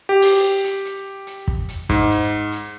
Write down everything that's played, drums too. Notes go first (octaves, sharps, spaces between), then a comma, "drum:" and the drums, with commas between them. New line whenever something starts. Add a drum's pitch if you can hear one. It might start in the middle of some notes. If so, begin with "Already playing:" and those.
G4
drum: open hi-hat
drum: hi-hat
drum: hi-hat
drum: hi-hat
drum: kick
drum: hi-hat
G#2, drum: kick, hi-hat
drum: hi-hat
drum: hi-hat